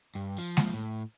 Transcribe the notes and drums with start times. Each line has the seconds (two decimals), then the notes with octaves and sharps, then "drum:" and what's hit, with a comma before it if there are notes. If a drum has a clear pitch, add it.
0.15 G2
0.38 F3
0.57 drum: snare G#3
0.73 A2